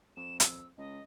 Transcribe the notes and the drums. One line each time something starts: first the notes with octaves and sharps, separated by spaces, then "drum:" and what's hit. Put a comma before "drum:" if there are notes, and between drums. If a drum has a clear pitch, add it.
F2 E7
E6, drum: hi-hat
C#2 D#5